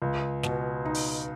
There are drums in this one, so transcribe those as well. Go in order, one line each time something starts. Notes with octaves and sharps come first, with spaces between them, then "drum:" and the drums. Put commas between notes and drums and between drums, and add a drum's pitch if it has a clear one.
C#2
B2, drum: snare
D#4
drum: open hi-hat